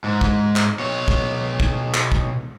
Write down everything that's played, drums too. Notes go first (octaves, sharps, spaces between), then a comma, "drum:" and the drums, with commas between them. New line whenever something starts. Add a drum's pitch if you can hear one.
G#2
drum: kick
drum: clap
B2 C#5
drum: kick
drum: kick
drum: clap
drum: kick